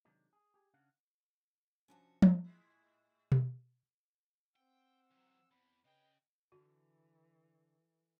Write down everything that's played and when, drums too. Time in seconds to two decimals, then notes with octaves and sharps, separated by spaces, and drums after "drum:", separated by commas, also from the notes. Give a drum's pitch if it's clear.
0.05 C3 D#3 F#3 G#3 D4
0.33 G#4
0.54 G4 G#4
0.74 C#3 D4 F5 F#5
1.88 C3 F3 C#4 D4 F#4 A5
2.22 drum: tom F3
2.44 A2 G#3 E4
3.32 drum: tom B2
4.56 C4 F#5 G5 E6
5.11 E2 F#3
5.52 E2 B5
5.85 C#3 G#4 B4 D#5 G5
6.52 D3 E3 F#4